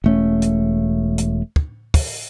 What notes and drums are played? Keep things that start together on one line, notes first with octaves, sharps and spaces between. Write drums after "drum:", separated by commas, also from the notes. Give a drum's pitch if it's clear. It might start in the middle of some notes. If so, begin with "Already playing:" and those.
E1 A3 C#4
drum: hi-hat
drum: hi-hat
drum: kick
drum: kick, open hi-hat